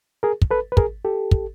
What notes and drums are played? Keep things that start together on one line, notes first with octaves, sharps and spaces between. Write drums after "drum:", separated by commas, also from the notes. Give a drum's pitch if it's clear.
G#4 A#4
drum: kick
A4 B4
B4
G#4 A#4, drum: kick
G4 A4
drum: kick